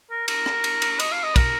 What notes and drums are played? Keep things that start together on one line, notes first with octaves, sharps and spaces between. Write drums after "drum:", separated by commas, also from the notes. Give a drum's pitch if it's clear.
A#4
A#4, drum: cymbal
drum: rim click
drum: cymbal
drum: cymbal
D#5, drum: cymbal
F5
D#5
A#4, drum: kick, cymbal